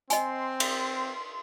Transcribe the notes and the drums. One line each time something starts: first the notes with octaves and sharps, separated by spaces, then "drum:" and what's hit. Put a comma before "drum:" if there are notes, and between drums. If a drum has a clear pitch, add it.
C4 D#5 G#5 C6, drum: hi-hat
drum: cymbal